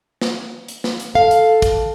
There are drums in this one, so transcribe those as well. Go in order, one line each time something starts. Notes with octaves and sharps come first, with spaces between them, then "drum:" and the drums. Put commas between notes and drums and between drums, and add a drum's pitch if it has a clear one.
drum: snare
drum: hi-hat
drum: snare
drum: hi-hat
A4 F5
drum: hi-hat
drum: kick, hi-hat